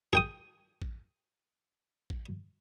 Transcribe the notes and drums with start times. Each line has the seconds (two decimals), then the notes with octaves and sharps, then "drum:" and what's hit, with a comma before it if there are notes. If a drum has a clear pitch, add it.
0.13 G#4 G5 D#6, drum: kick A1
0.82 drum: kick A1
2.10 drum: kick A1